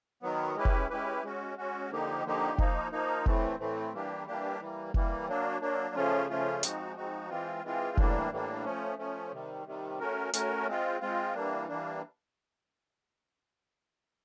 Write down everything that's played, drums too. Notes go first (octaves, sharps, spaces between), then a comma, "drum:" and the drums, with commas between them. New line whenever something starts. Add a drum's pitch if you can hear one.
D#3 F#3 B3
G#3 C#4 E4 G4 B4
drum: kick F1
G#3 C#4 E4 G4 B4
G#3 C#4 F#4
G#3 C#4 F#4
D3 F3 A#3 D#4 G4
D3 F3 A#3 D#4 G4
F3 A#3 D#4, drum: kick F1
F3 A#3 D#4
A2 E3 A3 C4, drum: kick F1
A2 E3 A3 C4
E3 G3 A#3 D4 G4
E3 G3 A#3 D4 G4
E3 G3 A#3
E3 G3 A#3, drum: kick F1
F#3 A#3 D4
F#3 A#3 D4
C#3 F3 A3 C#4 F4
C#3 F3 A3 C#4 F4
F3 G#3 C4 D#4 F#4, drum: hi-hat
F3 G#3 C4 D#4 F#4
E3 G#3 C4 F4
E3 G#3 C4 F4
A2 E3 G3 A#3 D4, drum: kick F1
A2 E3 G3 A#3 D4
F3 A3 C#4
F3 A3 C#4
C3 D#3 G3
C3 D#3 G3
A3 C#4 F#4 A#4
A3 C#4 F#4 A#4, drum: hi-hat
G#3 C4 F4
G#3 C4 F4
E3 G3 A#3 D4
E3 G3 A#3 D4